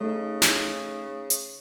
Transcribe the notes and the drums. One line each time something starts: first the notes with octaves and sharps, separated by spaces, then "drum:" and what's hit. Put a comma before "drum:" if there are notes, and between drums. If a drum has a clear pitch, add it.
C#3 A3 D#4
drum: snare
drum: hi-hat